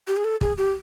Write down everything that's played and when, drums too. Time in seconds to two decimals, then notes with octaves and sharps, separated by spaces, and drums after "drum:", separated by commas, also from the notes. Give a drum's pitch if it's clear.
0.08 G4
0.17 G#4
0.24 A4
0.41 G#4, drum: kick
0.58 G4